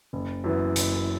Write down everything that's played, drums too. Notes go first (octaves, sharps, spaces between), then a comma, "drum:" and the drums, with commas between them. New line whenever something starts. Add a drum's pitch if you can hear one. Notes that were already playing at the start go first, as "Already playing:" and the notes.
F#1
F#2 E3 B3
F#1, drum: hi-hat